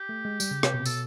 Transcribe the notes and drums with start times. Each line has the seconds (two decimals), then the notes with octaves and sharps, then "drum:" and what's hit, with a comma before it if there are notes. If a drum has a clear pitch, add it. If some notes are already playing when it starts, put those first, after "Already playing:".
Already playing: G4
0.09 A3
0.25 G#3
0.40 G3, drum: tambourine
0.51 C#3
0.63 C3, drum: rim click
0.74 B2
0.80 C3
0.86 B2 A4, drum: tambourine